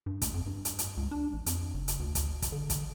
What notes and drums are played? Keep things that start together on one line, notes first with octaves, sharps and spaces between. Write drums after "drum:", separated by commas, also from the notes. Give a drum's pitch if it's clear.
G2
D2, drum: kick, hi-hat
F2
G2
drum: hi-hat
drum: hi-hat
C#2
D4
A1
F2, drum: hi-hat
F#1
drum: hi-hat
D2
drum: kick, hi-hat
drum: kick, hi-hat
D3
drum: kick, hi-hat